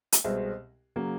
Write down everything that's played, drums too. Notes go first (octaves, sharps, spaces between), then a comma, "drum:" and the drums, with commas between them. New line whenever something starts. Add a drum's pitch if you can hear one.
drum: hi-hat
C2 B2 G#3 C4
C#3 F#3 A#3